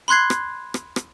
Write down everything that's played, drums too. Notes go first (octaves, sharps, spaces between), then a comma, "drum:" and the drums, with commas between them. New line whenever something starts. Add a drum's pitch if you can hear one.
B5 C6 F#6 G#6 C7
drum: rim click
drum: rim click
drum: rim click